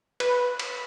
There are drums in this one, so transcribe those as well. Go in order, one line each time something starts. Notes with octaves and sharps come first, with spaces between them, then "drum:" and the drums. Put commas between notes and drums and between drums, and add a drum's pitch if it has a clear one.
B4, drum: cymbal
drum: cymbal